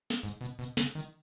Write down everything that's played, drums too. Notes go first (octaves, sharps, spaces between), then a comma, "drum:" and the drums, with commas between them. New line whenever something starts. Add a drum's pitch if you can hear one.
drum: snare
G#2
B2
B2
C#3, drum: snare
D#3